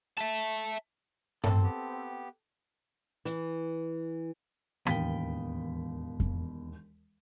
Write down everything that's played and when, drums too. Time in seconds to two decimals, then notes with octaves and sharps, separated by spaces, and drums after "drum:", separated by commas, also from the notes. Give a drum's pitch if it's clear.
0.17 E5 A5, drum: hi-hat
1.44 C4 A4, drum: tom G2
1.63 B3 G4
3.25 E3, drum: hi-hat
4.87 E1 D#2 A2 E3 B3 F5 G5 B6, drum: rim click
6.20 drum: kick F2